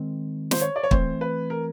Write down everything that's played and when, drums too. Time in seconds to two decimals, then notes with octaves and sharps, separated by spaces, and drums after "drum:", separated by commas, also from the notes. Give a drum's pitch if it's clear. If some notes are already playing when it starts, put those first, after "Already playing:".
Already playing: D#3 G#3 C4
0.51 C5, drum: snare
0.61 C#5
0.76 D5
0.83 C#5
0.91 E3 A3 C4 C5, drum: kick
1.21 B4
1.50 A#4